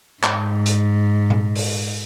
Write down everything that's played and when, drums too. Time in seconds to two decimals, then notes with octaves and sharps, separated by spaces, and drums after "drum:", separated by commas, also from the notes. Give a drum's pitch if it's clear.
0.23 G#2, drum: clap
0.66 drum: hi-hat
1.30 drum: tom A#2
1.55 drum: open hi-hat